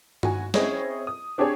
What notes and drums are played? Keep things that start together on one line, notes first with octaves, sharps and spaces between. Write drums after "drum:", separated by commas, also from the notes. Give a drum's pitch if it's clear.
F#4 G#5, drum: tom G2
C4 C#4 E4 G#4 C#5 D#5, drum: snare
D#6
C4 D4 G4 G#4 C#5 G#5